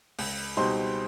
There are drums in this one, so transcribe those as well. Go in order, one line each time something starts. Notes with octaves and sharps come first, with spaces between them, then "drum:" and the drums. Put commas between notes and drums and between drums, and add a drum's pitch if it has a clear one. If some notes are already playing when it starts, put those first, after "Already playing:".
C#2, drum: open hi-hat
B2 G3 C4 D#4 C6